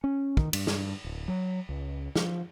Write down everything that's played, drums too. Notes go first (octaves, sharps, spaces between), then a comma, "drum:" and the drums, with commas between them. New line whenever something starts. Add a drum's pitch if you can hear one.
C#4
D#3, drum: kick
G2, drum: cymbal
drum: snare
D1
F#3
C#2
F3, drum: snare